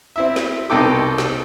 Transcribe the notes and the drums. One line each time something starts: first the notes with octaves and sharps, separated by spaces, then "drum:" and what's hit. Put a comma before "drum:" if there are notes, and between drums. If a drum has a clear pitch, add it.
C4 E4 E5
drum: snare
C2 B2 D#4 A4 G5 D6
drum: snare